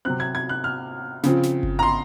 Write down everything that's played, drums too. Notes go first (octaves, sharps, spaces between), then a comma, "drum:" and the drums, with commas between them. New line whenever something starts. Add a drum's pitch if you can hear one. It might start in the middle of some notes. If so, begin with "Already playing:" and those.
C3 F#3 C4 F#6
G#6
G#6
F#6
F6
C#3 F3 C4 F4, drum: snare
drum: snare
drum: kick G1
A#5
C6